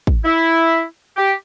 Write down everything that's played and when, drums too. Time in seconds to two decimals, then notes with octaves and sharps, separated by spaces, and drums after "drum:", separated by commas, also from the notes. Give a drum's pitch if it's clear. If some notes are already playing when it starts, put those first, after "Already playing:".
0.07 drum: kick
0.24 E4
1.17 G4